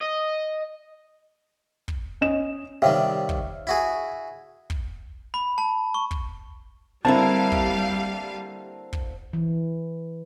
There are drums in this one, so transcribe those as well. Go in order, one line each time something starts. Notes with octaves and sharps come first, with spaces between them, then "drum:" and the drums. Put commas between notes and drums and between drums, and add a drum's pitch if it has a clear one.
D#5
drum: kick
C#4 D#5 E7
C3 D#3 G3 C#5 E5 F5
drum: kick
E4 F#4 G#4
drum: kick
B5
A5
C#6
drum: kick
D3 G3 A#3 C4 E4 F5 A5
drum: kick
drum: kick
E3